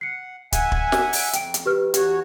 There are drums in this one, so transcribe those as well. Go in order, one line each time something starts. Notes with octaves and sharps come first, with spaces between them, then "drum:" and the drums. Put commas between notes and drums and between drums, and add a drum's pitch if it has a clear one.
F#5 C7 C#7
E5 F#5 G#5, drum: kick, hi-hat
drum: kick
drum: snare
drum: open hi-hat
F2 G5 D7, drum: hi-hat
drum: hi-hat
G4 B4 F6
E2 F#4 G4 C#5, drum: hi-hat